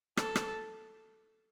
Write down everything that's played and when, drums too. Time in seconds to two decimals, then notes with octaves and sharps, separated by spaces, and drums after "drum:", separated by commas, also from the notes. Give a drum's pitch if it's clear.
0.17 A4, drum: rim click
0.36 drum: rim click